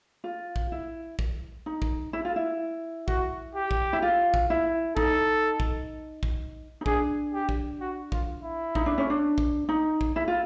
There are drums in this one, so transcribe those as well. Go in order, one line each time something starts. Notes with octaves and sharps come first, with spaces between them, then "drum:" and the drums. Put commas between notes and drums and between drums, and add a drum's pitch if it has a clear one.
F4
drum: kick A#1
E4
drum: kick A#1
D#4
drum: kick A#1
E4
F4
E4
F#4, drum: kick A#1
G4
drum: kick A#1
E4
F4
drum: kick A#1
E4
D#4 A4, drum: kick A#1
drum: kick A#1
drum: kick A#1
D#4
D4 G#4, drum: kick A#1
G4
drum: kick A#1
F#4
F4, drum: kick A#1
E4
D#4, drum: kick A#1
D4
C#4
D4
drum: kick A#1
D#4
drum: kick A#1
E4
F4